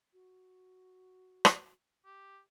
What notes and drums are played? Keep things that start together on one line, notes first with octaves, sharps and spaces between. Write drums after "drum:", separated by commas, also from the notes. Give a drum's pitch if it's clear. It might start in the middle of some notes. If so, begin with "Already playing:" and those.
F#4
drum: rim click
G4